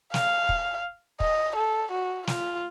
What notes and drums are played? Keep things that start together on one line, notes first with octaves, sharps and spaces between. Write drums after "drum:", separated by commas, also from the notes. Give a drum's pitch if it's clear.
F5, drum: snare
drum: kick
D#5, drum: kick
A4
F#4
F4, drum: snare